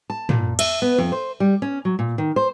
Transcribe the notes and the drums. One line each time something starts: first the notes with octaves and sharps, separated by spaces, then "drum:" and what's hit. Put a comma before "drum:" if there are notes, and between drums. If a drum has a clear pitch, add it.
A5
A#2, drum: tom
E5, drum: cymbal
B3
F2
C5
G3
C#4
F#3
A#2
D#3
C5